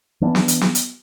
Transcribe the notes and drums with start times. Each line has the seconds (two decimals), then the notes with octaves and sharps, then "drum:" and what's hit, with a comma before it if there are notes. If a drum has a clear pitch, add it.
0.21 E3 B3 D4
0.35 drum: snare
0.48 drum: hi-hat
0.61 drum: snare
0.75 drum: hi-hat